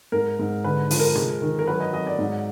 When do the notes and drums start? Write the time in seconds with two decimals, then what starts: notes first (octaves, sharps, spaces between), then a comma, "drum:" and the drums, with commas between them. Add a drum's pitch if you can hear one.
0.12 G#2 A#4
0.39 G#2
0.64 D3 B4
0.91 F3, drum: open hi-hat
0.99 A#4
1.16 G#3, drum: tom C3
1.42 D#3
1.59 A#4
1.67 F#3 B4
1.80 D#5
1.93 F#3 D#5
2.07 D5
2.19 G#2